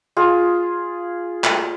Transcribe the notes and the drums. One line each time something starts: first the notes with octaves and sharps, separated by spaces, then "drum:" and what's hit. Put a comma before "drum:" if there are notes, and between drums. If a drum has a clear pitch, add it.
F4 G#4
drum: clap